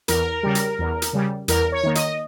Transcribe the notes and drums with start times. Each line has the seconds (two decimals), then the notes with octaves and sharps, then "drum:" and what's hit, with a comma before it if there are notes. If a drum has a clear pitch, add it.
0.08 E2 A#4, drum: hi-hat
0.43 C#3 G3
0.55 drum: hi-hat
0.79 E2
1.02 drum: hi-hat
1.13 C#3 G3
1.48 E2 A#4, drum: hi-hat
1.72 C#5
1.83 D#3 A#3
1.95 D#5, drum: hi-hat